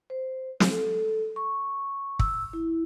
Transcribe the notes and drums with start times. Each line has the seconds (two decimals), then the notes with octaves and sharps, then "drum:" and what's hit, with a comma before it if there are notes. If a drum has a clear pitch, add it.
0.10 C5
0.60 drum: snare
0.70 A4
1.36 C#6
2.19 E6, drum: kick
2.53 E4